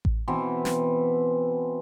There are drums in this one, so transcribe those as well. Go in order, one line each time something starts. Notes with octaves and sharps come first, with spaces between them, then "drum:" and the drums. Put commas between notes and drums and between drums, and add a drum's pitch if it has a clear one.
drum: kick A1
B2 E3 C4
drum: snare